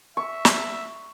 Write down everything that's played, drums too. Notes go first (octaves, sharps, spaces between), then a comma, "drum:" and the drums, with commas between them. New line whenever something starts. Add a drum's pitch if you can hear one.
E5 C#6
drum: snare